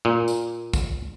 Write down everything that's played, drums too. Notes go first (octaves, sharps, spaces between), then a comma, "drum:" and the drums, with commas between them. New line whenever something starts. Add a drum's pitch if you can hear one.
A#2
drum: tambourine
drum: kick A#1, tambourine